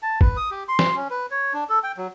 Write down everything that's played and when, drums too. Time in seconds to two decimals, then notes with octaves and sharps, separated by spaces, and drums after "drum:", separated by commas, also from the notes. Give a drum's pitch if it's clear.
0.03 A5
0.21 B4, drum: kick G1
0.37 D#6
0.51 G4
0.68 C6
0.79 drum: snare
0.96 C#4
1.11 B4
1.31 C#5
1.54 D4
1.70 A4
1.84 G5
1.97 F#3